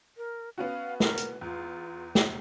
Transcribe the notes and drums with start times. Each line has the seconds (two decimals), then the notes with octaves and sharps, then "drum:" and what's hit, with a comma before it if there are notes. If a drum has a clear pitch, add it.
0.17 A#4
0.58 B3 C#4 F#4 F5
1.00 A#4, drum: snare
1.17 drum: hi-hat
1.41 E2 F4
2.15 drum: snare